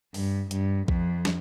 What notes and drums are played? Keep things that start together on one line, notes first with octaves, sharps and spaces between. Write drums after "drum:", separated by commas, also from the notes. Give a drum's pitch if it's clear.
G2, drum: open hi-hat
G2, drum: hi-hat
F2, drum: kick A#1
drum: snare